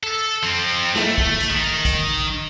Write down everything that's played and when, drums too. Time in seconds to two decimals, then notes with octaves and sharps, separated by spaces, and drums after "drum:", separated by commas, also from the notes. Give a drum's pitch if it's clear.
0.03 A4
0.43 F3 C4
0.95 A3, drum: snare
1.18 drum: kick
1.40 drum: hi-hat
1.50 D#3
1.85 drum: kick, hi-hat